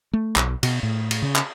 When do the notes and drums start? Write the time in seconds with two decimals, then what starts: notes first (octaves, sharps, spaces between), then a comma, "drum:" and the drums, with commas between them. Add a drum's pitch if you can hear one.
0.13 A3
0.36 B1, drum: clap
0.63 B2, drum: cymbal
0.83 A2
1.11 drum: cymbal
1.22 C#3
1.36 drum: clap